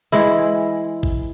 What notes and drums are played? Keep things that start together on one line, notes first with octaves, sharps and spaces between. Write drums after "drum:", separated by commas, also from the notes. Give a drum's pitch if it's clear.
E3 G#3 E4
drum: kick A1